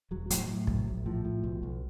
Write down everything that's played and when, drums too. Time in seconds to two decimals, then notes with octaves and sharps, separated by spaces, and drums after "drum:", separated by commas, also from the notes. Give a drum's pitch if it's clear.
0.11 E1 F#3
0.30 A2 F#3, drum: hi-hat
0.48 A2
0.67 A#1, drum: kick
0.87 A#1
1.06 A2 F3
1.25 A2
1.44 B1
1.63 B1